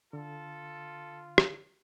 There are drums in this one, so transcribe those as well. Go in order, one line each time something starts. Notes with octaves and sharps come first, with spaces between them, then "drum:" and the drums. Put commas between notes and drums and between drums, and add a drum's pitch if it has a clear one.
D3 F4 A4
drum: rim click